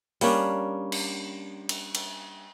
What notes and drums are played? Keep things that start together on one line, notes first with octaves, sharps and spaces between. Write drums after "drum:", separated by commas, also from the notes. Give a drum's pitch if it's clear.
G3 A#3 C#4 D4, drum: open hi-hat
drum: cymbal
drum: cymbal
drum: cymbal